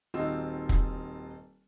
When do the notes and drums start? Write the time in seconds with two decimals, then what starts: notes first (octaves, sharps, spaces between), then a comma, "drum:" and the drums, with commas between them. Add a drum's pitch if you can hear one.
0.14 D#1 C4 D#4 F4 F#4 E6
0.69 drum: kick